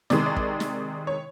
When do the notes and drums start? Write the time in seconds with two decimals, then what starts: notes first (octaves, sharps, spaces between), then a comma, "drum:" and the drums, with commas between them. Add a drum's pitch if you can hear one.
0.10 C3 D#3 G#3 D5, drum: snare
0.26 D5
0.36 drum: kick
0.60 drum: snare
1.07 C#5